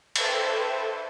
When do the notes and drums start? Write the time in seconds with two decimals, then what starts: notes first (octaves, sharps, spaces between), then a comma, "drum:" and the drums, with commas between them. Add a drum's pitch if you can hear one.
0.16 A4 B4 C5 E5 G5 A5, drum: cymbal